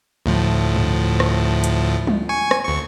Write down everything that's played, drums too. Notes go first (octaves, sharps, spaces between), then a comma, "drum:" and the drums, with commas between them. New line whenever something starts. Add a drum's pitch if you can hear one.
D2 A2 F3
drum: tom G2
drum: rim click
drum: hi-hat
drum: tom G3
G#5 C#6
drum: rim click
D2 C#6